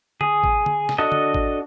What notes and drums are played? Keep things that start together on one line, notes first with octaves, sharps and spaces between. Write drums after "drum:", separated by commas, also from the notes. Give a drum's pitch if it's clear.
G#4, drum: tom D3
drum: kick G#1
drum: tom D3
drum: snare
D4 F#4 A4 D#5
drum: tom D3
drum: kick G#1